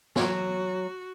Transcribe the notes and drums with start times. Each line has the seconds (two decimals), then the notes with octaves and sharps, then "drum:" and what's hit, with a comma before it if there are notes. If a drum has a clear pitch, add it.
0.16 F#3 F#4 C#5, drum: snare